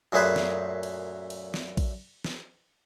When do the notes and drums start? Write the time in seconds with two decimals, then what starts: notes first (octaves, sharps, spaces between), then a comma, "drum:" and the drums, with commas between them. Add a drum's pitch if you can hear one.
0.12 F#2 A#2 A3 G#4 B4 C5
0.36 drum: snare
0.83 drum: cymbal
1.30 drum: cymbal
1.54 drum: snare
1.77 drum: kick A#1, cymbal
2.24 drum: snare